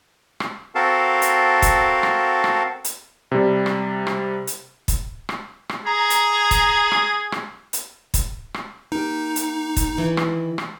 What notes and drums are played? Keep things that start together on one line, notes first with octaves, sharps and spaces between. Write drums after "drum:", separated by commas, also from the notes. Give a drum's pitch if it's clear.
drum: rim click
C4 F#4 A4 A#4 F5 A5
drum: hi-hat
drum: kick, hi-hat
drum: rim click
drum: rim click
drum: hi-hat
C3 G3
drum: rim click
drum: rim click
drum: hi-hat
drum: kick, hi-hat
drum: rim click
drum: rim click
G#4 A#5
drum: hi-hat
drum: kick, hi-hat
drum: rim click
drum: rim click
drum: hi-hat
drum: kick, hi-hat
drum: rim click
A#3 D#4 G4
drum: hi-hat
drum: kick, hi-hat
D#3 E3 E4
drum: rim click
drum: rim click